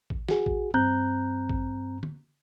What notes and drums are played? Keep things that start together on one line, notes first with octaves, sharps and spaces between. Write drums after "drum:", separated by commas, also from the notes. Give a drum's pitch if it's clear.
drum: kick A1
F#4 G#4, drum: snare
drum: kick A1
G2 C4 A#5 F#6 G6, drum: tom G2
drum: kick A1
drum: tom